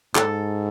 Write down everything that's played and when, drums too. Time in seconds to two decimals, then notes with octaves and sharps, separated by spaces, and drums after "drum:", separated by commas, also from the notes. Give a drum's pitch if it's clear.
0.15 G#2 A4, drum: clap